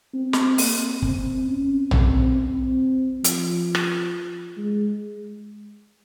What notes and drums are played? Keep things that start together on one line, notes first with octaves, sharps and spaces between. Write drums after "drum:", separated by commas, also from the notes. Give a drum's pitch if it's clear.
C4
drum: snare
A#3, drum: open hi-hat
C4, drum: kick
C#4
C4, drum: tom A#1
C4
F3, drum: hi-hat
drum: rim click
G#3